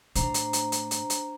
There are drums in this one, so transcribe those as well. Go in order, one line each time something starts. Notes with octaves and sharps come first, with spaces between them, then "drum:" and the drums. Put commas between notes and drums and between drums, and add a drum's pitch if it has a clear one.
A2 D4 C5 A#5, drum: hi-hat
drum: hi-hat
drum: hi-hat
drum: hi-hat
drum: hi-hat
drum: hi-hat